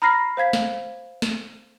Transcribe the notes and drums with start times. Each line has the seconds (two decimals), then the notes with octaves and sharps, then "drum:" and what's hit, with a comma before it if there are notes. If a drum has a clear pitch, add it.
0.02 A#5 B5 F6 A#6 C7
0.37 C5 F5 G#6 B6
0.53 drum: snare
1.22 drum: snare